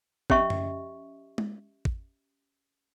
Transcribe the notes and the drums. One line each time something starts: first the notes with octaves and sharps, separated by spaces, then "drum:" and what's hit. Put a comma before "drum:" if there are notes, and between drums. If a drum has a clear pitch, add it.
C#4 G4 D#5 E5 C#6, drum: kick
drum: tom F#2
drum: tom G#3
drum: kick